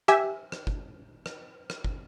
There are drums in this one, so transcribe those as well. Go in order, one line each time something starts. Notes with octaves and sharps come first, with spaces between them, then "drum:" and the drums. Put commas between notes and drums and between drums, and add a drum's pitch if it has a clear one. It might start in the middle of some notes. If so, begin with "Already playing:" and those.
G4 E5 G#5, drum: rim click
drum: rim click
drum: kick
drum: rim click
drum: rim click
drum: kick